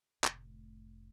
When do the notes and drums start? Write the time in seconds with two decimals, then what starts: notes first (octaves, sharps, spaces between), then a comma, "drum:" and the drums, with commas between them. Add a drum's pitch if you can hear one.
0.24 F1 A2, drum: clap